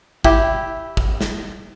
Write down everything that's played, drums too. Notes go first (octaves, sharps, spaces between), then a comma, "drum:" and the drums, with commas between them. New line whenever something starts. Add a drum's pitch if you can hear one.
E4 G4, drum: kick
drum: kick
drum: snare